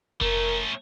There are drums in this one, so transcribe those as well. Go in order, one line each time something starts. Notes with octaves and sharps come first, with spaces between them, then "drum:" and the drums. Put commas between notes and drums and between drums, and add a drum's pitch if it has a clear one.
A3 C#4 A#4, drum: kick F1